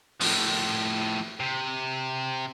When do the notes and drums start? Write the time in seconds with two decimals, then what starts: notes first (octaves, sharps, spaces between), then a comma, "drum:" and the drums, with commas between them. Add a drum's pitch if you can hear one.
0.21 A2 F3, drum: open hi-hat
1.40 C3